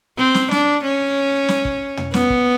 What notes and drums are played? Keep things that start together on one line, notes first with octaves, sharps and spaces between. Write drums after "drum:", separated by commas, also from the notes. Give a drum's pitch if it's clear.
C4
drum: snare
D4, drum: snare
C#4
drum: snare
drum: kick
drum: tom
B3, drum: snare
drum: kick